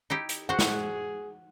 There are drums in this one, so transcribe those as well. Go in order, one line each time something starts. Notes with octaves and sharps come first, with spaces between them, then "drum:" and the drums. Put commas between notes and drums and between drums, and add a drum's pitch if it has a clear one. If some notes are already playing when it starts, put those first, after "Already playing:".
D#4 E4 G4
drum: hi-hat
F#4 G#4 C5 F#5
drum: snare